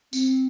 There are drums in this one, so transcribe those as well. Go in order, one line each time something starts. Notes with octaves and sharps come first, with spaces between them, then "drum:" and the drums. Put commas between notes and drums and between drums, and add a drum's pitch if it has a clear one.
C4, drum: tambourine